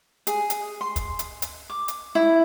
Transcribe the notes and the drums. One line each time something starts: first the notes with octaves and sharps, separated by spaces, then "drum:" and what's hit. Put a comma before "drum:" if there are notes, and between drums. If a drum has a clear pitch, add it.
G#4, drum: hi-hat
drum: hi-hat
C6
drum: kick, hi-hat
drum: hi-hat
drum: hi-hat
D6
drum: hi-hat
E4